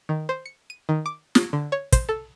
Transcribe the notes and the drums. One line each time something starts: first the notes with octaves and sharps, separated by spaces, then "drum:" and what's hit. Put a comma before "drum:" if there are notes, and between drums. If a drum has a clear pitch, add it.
D#3
C5
C#7
D#7
D#3
D6
drum: snare
D3
C#5
C5, drum: kick, hi-hat
A4